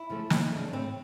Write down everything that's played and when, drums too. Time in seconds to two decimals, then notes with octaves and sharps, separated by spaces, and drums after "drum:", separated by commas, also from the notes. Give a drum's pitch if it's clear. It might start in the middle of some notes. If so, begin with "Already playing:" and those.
Already playing: E4
0.10 C#3 F3 A3
0.30 D#2 D#4, drum: snare
0.52 C#3 F3 A3 D4
0.68 B3
0.73 A2 C4